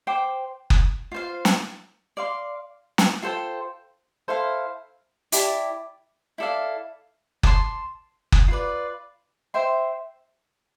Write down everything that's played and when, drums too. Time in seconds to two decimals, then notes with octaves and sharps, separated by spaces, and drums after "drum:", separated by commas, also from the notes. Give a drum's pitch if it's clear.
0.07 C5 G5 D6
0.70 drum: kick F#1
1.12 F4 C5 F5
1.45 drum: snare
2.17 D5 F5 C6
2.98 drum: snare
3.22 F4 A4 C5 G5
4.28 E4 A4 C5 F5
5.32 E4 G4 D5 A5, drum: hi-hat
6.38 E4 A4 D5 F5
7.43 D5 A5 C6, drum: kick F#1
8.32 drum: kick F#1
8.48 F4 B4 D5
9.54 C5 E5 G5 C6